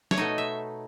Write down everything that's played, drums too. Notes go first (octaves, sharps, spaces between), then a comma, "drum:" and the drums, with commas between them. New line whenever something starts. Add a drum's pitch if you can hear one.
C#5, drum: snare
B2 A3 D#4 D#5
E5